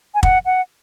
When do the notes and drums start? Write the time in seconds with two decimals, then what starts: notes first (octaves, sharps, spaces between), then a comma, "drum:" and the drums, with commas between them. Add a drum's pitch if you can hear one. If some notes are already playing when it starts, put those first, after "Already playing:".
0.15 G#5
0.23 F#5, drum: kick
0.46 F#5